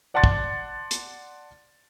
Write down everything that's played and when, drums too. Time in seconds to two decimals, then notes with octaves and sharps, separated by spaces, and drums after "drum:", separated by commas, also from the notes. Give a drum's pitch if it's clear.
0.14 D5 F#5 A5 C6 A6
0.24 drum: kick
0.91 drum: hi-hat